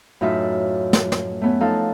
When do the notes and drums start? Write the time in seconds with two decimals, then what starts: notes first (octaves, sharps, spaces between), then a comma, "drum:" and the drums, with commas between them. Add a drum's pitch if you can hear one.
0.21 F#2 A2 D#4 F4 B4 E5
0.93 drum: snare
1.12 drum: snare
1.41 A3 B3 C#4
1.60 F3 D#4 A4 F5 A5